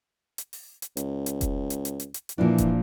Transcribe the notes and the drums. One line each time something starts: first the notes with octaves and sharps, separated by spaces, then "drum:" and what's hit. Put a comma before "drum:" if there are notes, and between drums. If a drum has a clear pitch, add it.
drum: hi-hat
drum: open hi-hat
drum: hi-hat
C#2, drum: hi-hat
drum: hi-hat
drum: kick F1, hi-hat
drum: hi-hat
drum: hi-hat
drum: hi-hat
drum: hi-hat
drum: hi-hat
A#2 E3 F3 D4
drum: kick F1, hi-hat